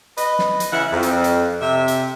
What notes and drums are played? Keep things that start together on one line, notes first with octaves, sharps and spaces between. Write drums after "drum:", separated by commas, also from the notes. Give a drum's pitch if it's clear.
B4 D#5, drum: hi-hat
drum: snare
drum: hi-hat
C#3 E3 E4 F#5
F2
drum: hi-hat
drum: hi-hat
C3 E5
drum: hi-hat